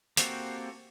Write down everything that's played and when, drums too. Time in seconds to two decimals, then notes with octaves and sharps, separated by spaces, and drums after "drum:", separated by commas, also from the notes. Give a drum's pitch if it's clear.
0.17 A#3 C4 F#4 G4 A4, drum: hi-hat